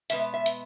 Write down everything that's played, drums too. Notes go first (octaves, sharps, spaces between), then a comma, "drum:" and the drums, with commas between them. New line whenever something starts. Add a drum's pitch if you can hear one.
B2 G#3 B3 E5, drum: hi-hat
E5
drum: hi-hat